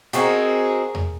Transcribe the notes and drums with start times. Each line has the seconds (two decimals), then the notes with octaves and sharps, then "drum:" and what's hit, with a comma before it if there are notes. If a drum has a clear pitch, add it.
0.13 C4 D#4 F#4 G#4 A#4, drum: hi-hat
0.95 drum: tom E2